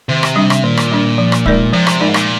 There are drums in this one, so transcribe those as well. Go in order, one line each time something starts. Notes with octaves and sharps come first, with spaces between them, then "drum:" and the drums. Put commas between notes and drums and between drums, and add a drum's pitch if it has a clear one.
C3 D#3
drum: rim click
G3 D4
drum: rim click
A#2 D#3
drum: rim click
G3 D4
F3
drum: rim click
G#3 D#4 A#4 D5, drum: kick
C3 F3
drum: rim click
A#2 G#3 D#4 A#4 D5
G#2
A#2, drum: rim click